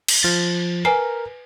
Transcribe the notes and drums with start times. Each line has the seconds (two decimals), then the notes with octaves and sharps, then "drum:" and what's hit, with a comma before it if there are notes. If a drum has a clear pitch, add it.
0.08 drum: cymbal
0.23 F3 A6
0.85 A#4 B4 G#5 C7